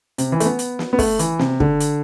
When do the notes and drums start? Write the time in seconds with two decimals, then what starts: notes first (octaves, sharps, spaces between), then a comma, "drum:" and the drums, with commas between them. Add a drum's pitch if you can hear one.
0.18 C3, drum: hi-hat
0.32 E3
0.40 A3, drum: hi-hat
0.46 B3
0.59 drum: hi-hat
0.79 drum: snare
0.93 B3
0.99 A3, drum: kick, open hi-hat
1.19 E3, drum: hi-hat
1.39 C3, drum: snare
1.60 D3, drum: kick
1.80 drum: hi-hat